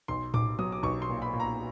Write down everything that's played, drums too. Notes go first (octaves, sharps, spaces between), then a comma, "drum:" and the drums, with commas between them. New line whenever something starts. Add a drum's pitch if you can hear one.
B1 C6
B1 D6, drum: tom A2
F#3 D#6
D6
B1 C#6
C6
A#2
B5
A#2
A#5